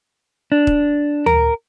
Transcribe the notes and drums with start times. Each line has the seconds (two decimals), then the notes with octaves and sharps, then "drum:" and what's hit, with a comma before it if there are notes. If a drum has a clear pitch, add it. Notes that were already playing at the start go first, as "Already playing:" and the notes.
0.52 D4
0.67 drum: kick
1.26 A#4, drum: tom D2